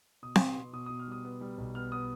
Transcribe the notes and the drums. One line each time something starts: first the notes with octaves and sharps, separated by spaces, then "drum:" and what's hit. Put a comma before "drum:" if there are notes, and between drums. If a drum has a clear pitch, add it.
B2 D#6
B3 D6, drum: snare C4
C6
B2
B2 D#6
B2 D#6
F6
G3 D#6
B3
G3
B1
B3 F6
B3 D#6